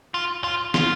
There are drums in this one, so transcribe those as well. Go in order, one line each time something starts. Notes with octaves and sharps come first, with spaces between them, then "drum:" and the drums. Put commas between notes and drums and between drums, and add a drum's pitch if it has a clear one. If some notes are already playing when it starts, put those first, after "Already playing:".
F4
F4
F4, drum: snare